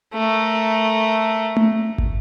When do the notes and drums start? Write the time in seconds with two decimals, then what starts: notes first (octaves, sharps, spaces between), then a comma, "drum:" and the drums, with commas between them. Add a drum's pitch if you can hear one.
0.14 A3 A#4
1.57 drum: tom A3
1.98 drum: kick